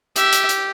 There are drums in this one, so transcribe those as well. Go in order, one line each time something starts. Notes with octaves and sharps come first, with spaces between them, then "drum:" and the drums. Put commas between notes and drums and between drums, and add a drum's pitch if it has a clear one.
G4 E5, drum: hi-hat
drum: hi-hat
drum: hi-hat